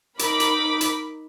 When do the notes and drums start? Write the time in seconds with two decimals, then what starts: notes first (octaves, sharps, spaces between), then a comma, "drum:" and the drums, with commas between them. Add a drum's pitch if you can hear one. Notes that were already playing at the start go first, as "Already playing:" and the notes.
0.19 D#4 A#4 B5 D6, drum: hi-hat
0.40 drum: hi-hat
0.81 drum: hi-hat